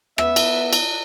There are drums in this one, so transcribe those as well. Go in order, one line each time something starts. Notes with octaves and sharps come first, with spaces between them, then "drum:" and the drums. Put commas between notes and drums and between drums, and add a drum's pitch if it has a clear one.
B3 E5, drum: rim click
drum: cymbal
drum: cymbal